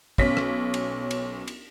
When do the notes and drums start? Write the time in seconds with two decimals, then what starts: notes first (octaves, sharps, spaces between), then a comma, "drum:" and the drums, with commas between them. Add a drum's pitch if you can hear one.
0.18 B1 C#4 B6, drum: kick
0.37 drum: rim click
0.74 drum: cymbal
1.11 drum: cymbal
1.48 drum: cymbal